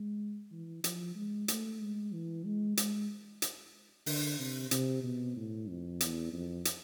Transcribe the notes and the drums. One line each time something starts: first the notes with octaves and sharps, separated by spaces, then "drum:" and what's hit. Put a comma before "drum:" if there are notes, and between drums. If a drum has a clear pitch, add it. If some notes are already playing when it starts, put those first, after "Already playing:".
Already playing: G#3
E3
F3, drum: hi-hat
G#3
A3, drum: hi-hat
G#3
E3
G#3
G#3, drum: hi-hat
drum: hi-hat
D3, drum: open hi-hat
C3
C3, drum: hi-hat
B2
A2
F2
E2, drum: hi-hat
F2
drum: hi-hat